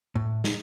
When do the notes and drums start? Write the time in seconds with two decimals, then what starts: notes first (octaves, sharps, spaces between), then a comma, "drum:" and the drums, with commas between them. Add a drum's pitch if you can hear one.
0.15 A2
0.44 drum: snare